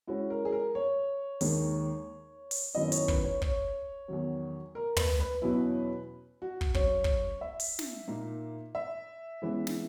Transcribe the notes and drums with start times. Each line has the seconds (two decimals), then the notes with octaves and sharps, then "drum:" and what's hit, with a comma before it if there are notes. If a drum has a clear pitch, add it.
0.07 C#3 G#3 C#4 E4 F#4
0.30 A#4
0.45 G#4
0.52 A#4
0.75 C#5
1.41 D#2 D#3 G#3 D#4, drum: open hi-hat
2.51 drum: open hi-hat
2.75 F#2 D#3 F#3 B3 E4 D#5
2.92 C#5, drum: hi-hat
3.08 B4, drum: kick
3.24 C#5
3.42 C#5, drum: kick
4.08 E2 D#3 F#3
4.75 A#4
4.97 B4, drum: tom
5.20 B4
5.42 E2 B2 F#3 C#4 E4
6.42 F#4
6.61 drum: kick
6.74 C#3 F#3 C#4 C#5, drum: kick
7.04 drum: kick
7.41 E5
7.60 drum: open hi-hat
7.79 drum: snare
8.08 A#2 A#3 D#4
8.75 E5
9.42 C#3 E3 G#3 B3 E4
9.67 drum: snare